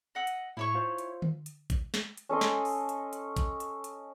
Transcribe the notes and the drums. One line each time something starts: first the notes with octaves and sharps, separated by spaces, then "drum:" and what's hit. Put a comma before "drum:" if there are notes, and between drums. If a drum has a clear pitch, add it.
D#5 F#5 E6
drum: hi-hat
A2 E4 C#5 C#6
F4 C5 F5
drum: hi-hat
drum: tom D3
drum: hi-hat
drum: kick, hi-hat
drum: snare
drum: hi-hat
C#4 A4 D#5 C6
drum: snare
drum: open hi-hat
drum: hi-hat
drum: hi-hat
drum: kick, hi-hat
drum: hi-hat
drum: hi-hat